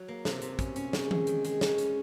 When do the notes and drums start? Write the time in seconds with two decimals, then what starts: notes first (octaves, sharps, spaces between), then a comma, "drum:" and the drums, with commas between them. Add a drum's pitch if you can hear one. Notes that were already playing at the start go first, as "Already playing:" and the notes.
Already playing: F#3
0.08 A#3
0.25 C3, drum: snare
0.42 C3, drum: hi-hat
0.59 C#4, drum: kick, hi-hat
0.76 C#4, drum: hi-hat
0.93 G#3, drum: snare
1.11 G#3, drum: tom E3
1.27 D#3, drum: hi-hat
1.45 G#3, drum: hi-hat
1.61 C#4, drum: snare
1.78 C#4, drum: hi-hat